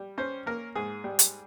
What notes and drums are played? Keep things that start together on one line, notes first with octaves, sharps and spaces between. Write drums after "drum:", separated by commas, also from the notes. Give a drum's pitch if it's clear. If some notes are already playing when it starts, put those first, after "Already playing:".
Already playing: G3
C#4 C5
A#3 A#4
G#2 G#4
G3
drum: hi-hat